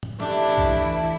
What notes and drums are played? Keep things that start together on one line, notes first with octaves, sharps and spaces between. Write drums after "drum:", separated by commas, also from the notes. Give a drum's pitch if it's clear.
drum: tom
E3 A3 D4 E4 G4, drum: snare F3
drum: kick A#1